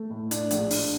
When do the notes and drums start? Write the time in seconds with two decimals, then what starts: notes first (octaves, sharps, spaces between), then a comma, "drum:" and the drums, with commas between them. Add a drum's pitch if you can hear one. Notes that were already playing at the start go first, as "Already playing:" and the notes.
Already playing: A3
0.10 A2
0.31 D4, drum: hi-hat
0.51 A#1, drum: hi-hat
0.71 D4, drum: open hi-hat